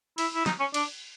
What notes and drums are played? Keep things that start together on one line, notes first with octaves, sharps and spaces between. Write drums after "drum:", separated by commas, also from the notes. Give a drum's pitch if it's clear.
E4, drum: cymbal
E4
D#4, drum: snare
C#4
D4, drum: cymbal